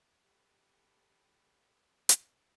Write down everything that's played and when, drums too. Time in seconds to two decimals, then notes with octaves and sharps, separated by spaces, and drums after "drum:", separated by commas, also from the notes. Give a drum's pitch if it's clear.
0.23 G4 A4 F#5 B5
2.09 drum: hi-hat